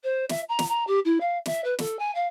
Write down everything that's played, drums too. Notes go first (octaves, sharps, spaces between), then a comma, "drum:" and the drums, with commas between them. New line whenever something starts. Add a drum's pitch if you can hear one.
C5
E5, drum: snare
A#5
drum: snare
A#5
G4
E4
F5
E5, drum: snare
B4
A4, drum: snare
G#5
F5